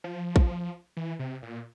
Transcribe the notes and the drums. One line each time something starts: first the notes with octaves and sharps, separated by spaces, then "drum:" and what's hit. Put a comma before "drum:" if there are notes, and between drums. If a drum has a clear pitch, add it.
F3
drum: kick
E3
C3
A#2